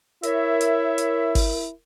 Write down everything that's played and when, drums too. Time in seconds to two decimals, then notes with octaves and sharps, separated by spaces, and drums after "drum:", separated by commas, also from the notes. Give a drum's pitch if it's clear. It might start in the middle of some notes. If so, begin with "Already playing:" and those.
0.23 E4 A#4 C#5 E5, drum: hi-hat
0.61 drum: hi-hat
0.98 drum: hi-hat
1.35 drum: kick G#1, open hi-hat